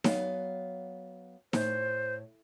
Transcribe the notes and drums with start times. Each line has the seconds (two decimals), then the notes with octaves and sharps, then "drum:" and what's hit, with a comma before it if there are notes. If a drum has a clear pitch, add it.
0.04 F#3 B3 F5, drum: snare D#4
1.53 A2 C5, drum: snare D#4